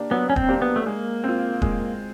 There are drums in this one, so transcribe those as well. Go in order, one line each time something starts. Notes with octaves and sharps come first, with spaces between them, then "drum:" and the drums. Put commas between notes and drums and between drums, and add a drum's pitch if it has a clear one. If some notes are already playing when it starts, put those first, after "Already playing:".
Already playing: A#3 D4 G4
F#3 B3
C#4
C4, drum: kick D#1
A#3 D4 G4 C5
B3
A3
G#3 A#3
C4 F4
G#3, drum: kick D#1